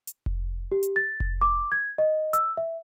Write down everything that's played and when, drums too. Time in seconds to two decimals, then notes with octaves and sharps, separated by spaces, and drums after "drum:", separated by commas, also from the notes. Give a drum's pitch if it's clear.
0.07 drum: hi-hat
0.26 drum: kick F1
0.72 G4
0.83 drum: hi-hat
0.96 A6
1.20 drum: kick F1
1.41 D6
1.72 G#6
1.98 D#5
2.33 E6, drum: hi-hat
2.57 E5